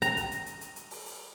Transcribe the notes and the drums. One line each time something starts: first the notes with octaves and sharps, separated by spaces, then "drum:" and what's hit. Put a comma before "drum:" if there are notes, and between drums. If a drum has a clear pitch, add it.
A#5, drum: hi-hat
drum: kick, hi-hat
drum: hi-hat
drum: hi-hat
drum: hi-hat
drum: hi-hat
drum: open hi-hat
drum: open hi-hat